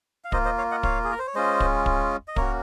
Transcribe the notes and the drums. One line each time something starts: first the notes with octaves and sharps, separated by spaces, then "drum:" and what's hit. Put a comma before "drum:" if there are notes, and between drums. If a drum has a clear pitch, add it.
F5
A#3 F4 C5 D#5, drum: kick
C5 D#5
C#5 F5
D#5 F#5
C#5 F5, drum: kick
G#4
A#4
C5
C#5
G#3 C#4 F4 C5 D#5
drum: kick
drum: kick
D#5
A#3 C#4 F#4 A#4 C#5, drum: kick